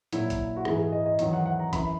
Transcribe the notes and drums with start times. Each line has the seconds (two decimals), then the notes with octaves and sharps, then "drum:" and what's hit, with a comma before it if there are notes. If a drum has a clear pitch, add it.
0.12 A#2 F#3 E4, drum: hi-hat
0.30 drum: kick A#1, hi-hat
0.56 F#4
0.65 G#2 E3 G#4, drum: rim click
0.79 G#4
0.92 D#5
1.06 D#5
1.19 E2 D#3 F#3, drum: hi-hat
1.33 F#5
1.46 F#5
1.60 A#5
1.73 F#2 E3 B5, drum: kick A#1, hi-hat